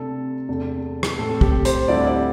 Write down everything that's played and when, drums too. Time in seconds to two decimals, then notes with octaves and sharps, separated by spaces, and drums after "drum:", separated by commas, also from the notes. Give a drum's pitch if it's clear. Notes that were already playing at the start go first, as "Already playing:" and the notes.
Already playing: C3 A3 D4 A4
0.48 E2 C3 A3 D4
1.03 drum: rim click
1.18 A2 A3 C4 A4
1.41 G4, drum: kick
1.65 C5, drum: hi-hat
1.88 D2 D3 G3 C4 E4 D5
2.07 D5